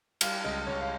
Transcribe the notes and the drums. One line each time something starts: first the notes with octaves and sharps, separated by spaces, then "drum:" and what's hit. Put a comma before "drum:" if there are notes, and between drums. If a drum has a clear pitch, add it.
G3 F5, drum: cymbal
C#2 D#5
C#2 C#5
F5